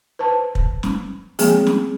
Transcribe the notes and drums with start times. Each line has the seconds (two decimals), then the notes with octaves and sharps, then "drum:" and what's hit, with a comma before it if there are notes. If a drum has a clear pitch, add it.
0.19 B4 C5 A5
0.55 drum: kick
0.83 drum: snare
1.39 F3 G#3 A#3 C4 G#4 G#5, drum: open hi-hat
1.67 drum: snare